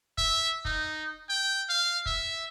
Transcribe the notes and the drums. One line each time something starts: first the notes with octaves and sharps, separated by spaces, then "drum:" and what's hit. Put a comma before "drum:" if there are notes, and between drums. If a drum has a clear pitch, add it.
E5, drum: kick
D#4, drum: kick
G5
F5
E5, drum: kick